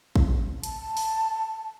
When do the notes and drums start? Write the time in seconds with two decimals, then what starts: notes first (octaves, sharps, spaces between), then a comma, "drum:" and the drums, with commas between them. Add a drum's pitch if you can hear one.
0.16 drum: kick
0.63 A5, drum: hi-hat
0.97 drum: open hi-hat